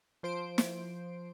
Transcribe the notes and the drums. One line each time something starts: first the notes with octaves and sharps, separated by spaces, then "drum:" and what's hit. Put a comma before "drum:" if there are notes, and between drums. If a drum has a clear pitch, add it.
F3 C5 C6 D7
drum: snare